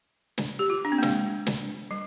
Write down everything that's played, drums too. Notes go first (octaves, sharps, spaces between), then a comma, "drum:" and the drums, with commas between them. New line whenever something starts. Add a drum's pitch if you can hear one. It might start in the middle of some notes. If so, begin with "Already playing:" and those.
drum: snare
G4
F4
D4
C4
A#3
G#3, drum: snare
drum: snare
G3